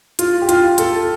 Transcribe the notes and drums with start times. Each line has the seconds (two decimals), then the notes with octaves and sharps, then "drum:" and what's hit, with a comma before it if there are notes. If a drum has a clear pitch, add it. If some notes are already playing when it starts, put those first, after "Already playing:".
0.19 F4, drum: hi-hat
0.41 G4
0.49 F4, drum: hi-hat
0.78 A4, drum: hi-hat